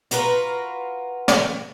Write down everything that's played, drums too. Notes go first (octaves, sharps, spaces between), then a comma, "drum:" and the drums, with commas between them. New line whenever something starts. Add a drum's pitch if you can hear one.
F4 F#4 A#4 B4, drum: hi-hat
drum: snare